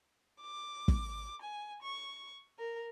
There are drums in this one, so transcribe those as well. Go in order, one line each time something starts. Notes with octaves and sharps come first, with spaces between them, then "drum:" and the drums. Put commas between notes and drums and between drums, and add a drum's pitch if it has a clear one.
D6
drum: kick
G#5
C#6
A#4